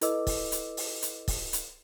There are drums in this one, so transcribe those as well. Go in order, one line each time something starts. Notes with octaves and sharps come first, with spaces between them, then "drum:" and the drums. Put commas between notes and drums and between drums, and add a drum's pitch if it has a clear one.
E4 A4 B4 D#5 D6 E6, drum: hi-hat
drum: kick, open hi-hat
drum: hi-hat
drum: open hi-hat
drum: hi-hat
drum: kick, open hi-hat
drum: hi-hat